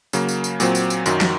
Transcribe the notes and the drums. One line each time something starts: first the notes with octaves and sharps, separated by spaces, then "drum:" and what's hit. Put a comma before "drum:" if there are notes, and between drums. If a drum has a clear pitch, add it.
C#3 F#3 A#3, drum: tambourine
drum: tambourine
drum: tambourine
A#2 F#3 C4, drum: tambourine
drum: tambourine
drum: tambourine
F#2 D#3 F#3, drum: tambourine
drum: snare